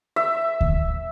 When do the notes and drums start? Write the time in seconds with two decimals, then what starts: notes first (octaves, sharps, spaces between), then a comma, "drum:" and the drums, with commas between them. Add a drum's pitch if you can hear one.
0.16 E5
0.61 drum: kick D2